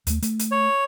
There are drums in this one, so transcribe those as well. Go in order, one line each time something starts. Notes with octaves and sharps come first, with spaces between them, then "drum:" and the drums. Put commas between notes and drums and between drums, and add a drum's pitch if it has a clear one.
D#2 A3, drum: hi-hat
A3, drum: hi-hat
drum: hi-hat
C#5